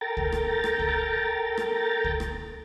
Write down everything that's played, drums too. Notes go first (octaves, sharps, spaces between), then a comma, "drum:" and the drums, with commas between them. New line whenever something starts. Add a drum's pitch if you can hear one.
A4 A#4 G5 A#5 A6
drum: kick
drum: rim click
drum: rim click
drum: kick
drum: rim click
drum: kick
drum: rim click